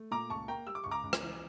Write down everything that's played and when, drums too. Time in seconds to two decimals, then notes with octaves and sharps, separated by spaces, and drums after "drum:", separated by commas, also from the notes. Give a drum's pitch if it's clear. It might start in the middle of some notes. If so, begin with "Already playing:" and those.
Already playing: A3
0.11 A#2 A#5 D6
0.30 C#2 A5 C#6
0.48 A#3 G5 A#5
0.67 G3 E6
0.75 D6
0.84 C#2 C#6
0.91 A#5 D6
1.04 C#2
1.13 drum: rim click
1.23 E3